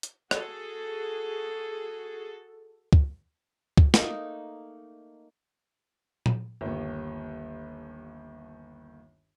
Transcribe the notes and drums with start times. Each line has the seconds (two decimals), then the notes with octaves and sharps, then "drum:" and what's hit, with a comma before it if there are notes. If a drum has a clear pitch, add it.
0.03 drum: hi-hat
0.31 F#4 G#4 A4, drum: rim click
2.93 drum: kick C#2
3.78 drum: kick C#2
3.94 A3 A#3 D#4, drum: snare
6.26 drum: tom A#2
6.61 G1 D#2